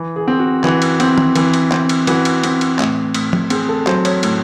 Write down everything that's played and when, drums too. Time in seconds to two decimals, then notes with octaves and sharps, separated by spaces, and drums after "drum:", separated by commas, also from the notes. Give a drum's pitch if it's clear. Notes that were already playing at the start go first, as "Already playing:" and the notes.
Already playing: E3
0.16 G#4
0.28 C4
0.39 F#4
0.64 E3 F#4, drum: clap
0.82 drum: cymbal
1.00 C4, drum: cymbal
1.18 drum: tom D#3
1.36 E3, drum: cymbal
1.54 drum: cymbal
1.72 C4, drum: clap
1.89 drum: cymbal
2.07 E3 F#4, drum: cymbal
2.25 drum: cymbal
2.43 C4, drum: cymbal
2.61 drum: cymbal
2.79 A2, drum: clap
3.14 A2, drum: cymbal
3.33 drum: tom F3
3.50 C4 G#4, drum: cymbal
3.69 A4
3.87 F#3 C5, drum: clap
4.05 C#5, drum: cymbal
4.23 A2, drum: cymbal